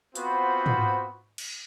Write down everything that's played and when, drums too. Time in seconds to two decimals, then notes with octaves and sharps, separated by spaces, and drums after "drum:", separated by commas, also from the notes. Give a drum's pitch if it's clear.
0.15 B3 C4 F4 F#4 C5 B5, drum: hi-hat
0.66 drum: tom G#2
1.38 drum: cymbal